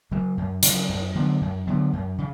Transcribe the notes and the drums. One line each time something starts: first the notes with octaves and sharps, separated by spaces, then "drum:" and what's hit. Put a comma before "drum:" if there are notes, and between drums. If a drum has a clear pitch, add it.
C#3 F#3
F#2
C#3 F#3, drum: hi-hat
F#2
D3 F#3 B3
F#2
D3 F#3 B3
F#2
C#3